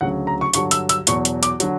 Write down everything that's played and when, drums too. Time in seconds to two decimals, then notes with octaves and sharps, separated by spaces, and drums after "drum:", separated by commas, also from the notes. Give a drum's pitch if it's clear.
0.01 D2 C#3 F#3 F#5
0.27 A#5
0.41 C#6
0.54 G2 D3 F#3 C#6, drum: hi-hat
0.71 E6, drum: hi-hat
0.89 E6, drum: hi-hat
1.07 E2 B2 F#3 C#6, drum: hi-hat
1.25 drum: hi-hat
1.43 D6, drum: hi-hat
1.60 D3 F#3, drum: hi-hat